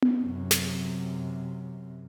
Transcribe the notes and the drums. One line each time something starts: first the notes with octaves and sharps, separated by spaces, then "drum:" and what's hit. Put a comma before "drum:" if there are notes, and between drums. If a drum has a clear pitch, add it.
drum: tom B3
F#2 C3
drum: snare